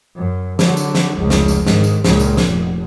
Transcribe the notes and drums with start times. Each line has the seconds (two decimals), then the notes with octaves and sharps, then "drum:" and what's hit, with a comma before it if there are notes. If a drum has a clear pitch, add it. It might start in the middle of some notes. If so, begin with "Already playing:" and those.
0.16 F#2
0.59 D3 F#3, drum: snare
0.77 drum: tambourine
0.95 drum: snare
1.18 F1 C#2
1.30 drum: snare
1.48 drum: tambourine
1.66 G#2 D#3, drum: snare
1.84 drum: tambourine
2.04 C#2 A#2, drum: snare
2.19 drum: tambourine
2.37 drum: snare
2.47 F1